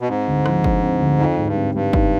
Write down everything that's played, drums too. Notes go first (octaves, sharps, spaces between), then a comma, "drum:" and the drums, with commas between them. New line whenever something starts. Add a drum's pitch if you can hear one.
B2
G#2 C4
D2
F3, drum: rim click
D3, drum: kick
C4
D2
F2 D#4
G#2
G2
C4
G2 G3
D#4, drum: kick